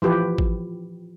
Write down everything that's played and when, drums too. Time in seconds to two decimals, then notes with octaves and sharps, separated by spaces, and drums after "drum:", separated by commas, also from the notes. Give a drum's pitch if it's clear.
0.02 E3 F3 G4 B4
0.38 drum: kick G#1